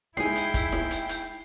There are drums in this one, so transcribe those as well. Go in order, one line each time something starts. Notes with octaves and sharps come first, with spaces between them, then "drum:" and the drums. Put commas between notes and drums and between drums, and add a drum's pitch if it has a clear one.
G#3 D#4 E4 G#4 G5 C7, drum: snare E4
drum: hi-hat
drum: kick, hi-hat
drum: snare E4
drum: hi-hat
drum: hi-hat